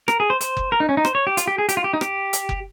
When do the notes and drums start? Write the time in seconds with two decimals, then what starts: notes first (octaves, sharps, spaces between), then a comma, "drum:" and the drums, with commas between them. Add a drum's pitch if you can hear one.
0.08 A#4, drum: rim click
0.20 G#4
0.30 C5
0.41 C5, drum: hi-hat
0.57 drum: kick F#1
0.72 A#4
0.80 D#4
0.89 C#4
0.97 D#4
1.05 C5, drum: rim click
1.15 C#5
1.27 G4
1.37 F4, drum: hi-hat
1.47 G4
1.58 G#4
1.69 G4, drum: hi-hat
1.77 F4
1.84 G4
1.93 D#4
2.01 G4, drum: rim click
2.33 drum: hi-hat
2.49 drum: kick F#1